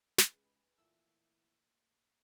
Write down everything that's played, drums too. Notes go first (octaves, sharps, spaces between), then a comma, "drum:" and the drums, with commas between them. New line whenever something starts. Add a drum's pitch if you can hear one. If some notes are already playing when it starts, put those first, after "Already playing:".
C#2 D#4 G#4 B4, drum: snare
A#2 E3 A3 E6